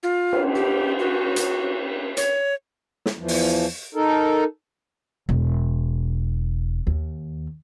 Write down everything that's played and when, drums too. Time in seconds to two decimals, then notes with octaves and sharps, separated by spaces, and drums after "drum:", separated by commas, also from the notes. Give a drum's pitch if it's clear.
0.03 F4
0.33 drum: cymbal
0.55 G4
0.99 F#4
1.36 drum: hi-hat
2.17 C#5, drum: hi-hat
3.06 drum: snare
3.19 E2 E3 F3
3.28 drum: open hi-hat
3.95 D#4 A4 A#4
5.29 E1
6.87 D#2